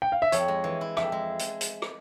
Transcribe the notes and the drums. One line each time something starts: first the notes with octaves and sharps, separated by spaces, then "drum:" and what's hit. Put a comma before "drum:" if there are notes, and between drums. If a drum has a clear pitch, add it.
G5
F5
E5
F2 C#5, drum: hi-hat
G#3
E3
E4
F2 E5, drum: rim click
G#3
drum: hi-hat
drum: hi-hat
drum: rim click